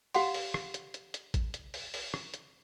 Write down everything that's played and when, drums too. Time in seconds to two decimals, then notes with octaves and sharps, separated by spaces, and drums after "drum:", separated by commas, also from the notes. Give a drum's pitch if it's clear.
0.14 G4 F5 F#5 C6, drum: open hi-hat
0.34 drum: open hi-hat
0.54 drum: rim click
0.74 drum: hi-hat
0.94 drum: hi-hat
1.14 drum: hi-hat
1.34 drum: kick A1, hi-hat
1.54 drum: hi-hat
1.74 drum: open hi-hat
1.94 drum: open hi-hat
2.14 drum: rim click
2.34 drum: hi-hat